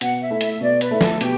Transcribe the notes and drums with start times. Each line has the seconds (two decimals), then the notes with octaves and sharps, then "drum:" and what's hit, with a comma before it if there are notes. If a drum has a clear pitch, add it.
0.01 B2 F#5, drum: hi-hat
0.22 E5
0.30 A3 E4
0.41 E5, drum: hi-hat
0.52 E5
0.61 B2 D5
0.81 B4, drum: hi-hat
0.91 A3 E4
1.01 A4, drum: snare
1.21 B2 G4, drum: hi-hat